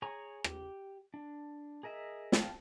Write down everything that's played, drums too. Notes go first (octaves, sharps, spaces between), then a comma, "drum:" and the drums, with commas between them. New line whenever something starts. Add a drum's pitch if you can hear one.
G#4 C#5 G#5 A#5 C#6
G4, drum: rim click
D4
G#4 A#4 D#5 E5
F5 G5 A5, drum: snare